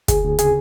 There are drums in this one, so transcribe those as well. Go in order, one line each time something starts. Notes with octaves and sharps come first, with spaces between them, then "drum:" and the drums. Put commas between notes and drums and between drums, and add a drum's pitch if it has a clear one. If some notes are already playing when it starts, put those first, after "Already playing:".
D2 G#4, drum: kick, hi-hat
D2
C#3 G#4, drum: hi-hat